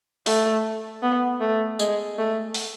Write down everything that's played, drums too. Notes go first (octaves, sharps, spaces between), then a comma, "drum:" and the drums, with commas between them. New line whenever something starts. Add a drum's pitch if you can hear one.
A3, drum: open hi-hat
B3
A3
G#3, drum: tambourine
A3
drum: open hi-hat